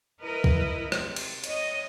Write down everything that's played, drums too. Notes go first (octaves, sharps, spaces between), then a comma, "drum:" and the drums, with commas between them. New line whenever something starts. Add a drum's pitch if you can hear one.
E4 A#4 B4 D#5
drum: kick
C3, drum: rim click
drum: cymbal
C#5 D#5, drum: hi-hat